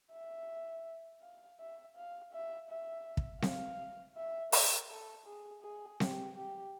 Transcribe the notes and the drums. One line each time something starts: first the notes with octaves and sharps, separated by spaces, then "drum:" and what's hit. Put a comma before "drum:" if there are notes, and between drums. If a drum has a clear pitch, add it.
E5
F5
E5
F5
E5
E5
drum: kick
F5, drum: snare C4
E5
A#4, drum: open hi-hat
A4
G#4
G#4
G4, drum: snare C4
G4